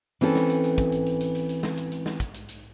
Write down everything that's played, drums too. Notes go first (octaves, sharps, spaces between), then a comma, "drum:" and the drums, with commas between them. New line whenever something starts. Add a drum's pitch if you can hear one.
E3 C4 C#4 A4, drum: hi-hat
drum: snare
drum: hi-hat
drum: hi-hat
drum: kick, hi-hat
drum: hi-hat
drum: hi-hat
drum: hi-hat
drum: hi-hat
drum: hi-hat
drum: snare
drum: hi-hat
drum: hi-hat
drum: snare
drum: kick, hi-hat
drum: hi-hat
drum: hi-hat